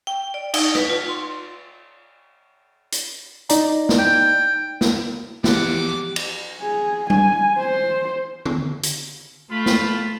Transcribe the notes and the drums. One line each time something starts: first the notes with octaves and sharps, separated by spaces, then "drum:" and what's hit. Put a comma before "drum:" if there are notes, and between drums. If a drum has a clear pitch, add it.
G5
D5
D#4, drum: cymbal
B4, drum: rim click
F4
C6
drum: hi-hat
D#4 D5 A#5, drum: hi-hat
drum: snare
G5
drum: snare
E2 F3 G4 F#5 D6, drum: snare
drum: cymbal
G#4
G#5, drum: tom G3
C5
drum: tom
drum: hi-hat
A3 F4 B5
drum: snare